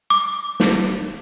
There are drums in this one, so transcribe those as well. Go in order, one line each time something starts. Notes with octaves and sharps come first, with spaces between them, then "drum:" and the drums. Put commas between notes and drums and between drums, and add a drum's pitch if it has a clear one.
D6
drum: snare